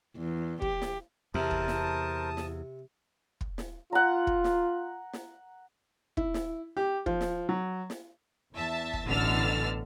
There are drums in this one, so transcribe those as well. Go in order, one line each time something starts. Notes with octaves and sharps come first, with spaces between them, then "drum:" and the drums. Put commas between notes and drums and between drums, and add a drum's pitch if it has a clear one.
E2
G4, drum: kick
drum: snare
E2 C3 A#4 C5 A5 D#6
drum: kick
drum: snare
drum: snare
drum: kick
drum: snare
F4 F#5 A#5
drum: kick
drum: snare
drum: snare
E4, drum: kick
drum: snare
G4
F3, drum: kick
drum: snare
F#3
drum: snare
E2 E5 A5
drum: kick
A1 B2 D3 E6 F6 A6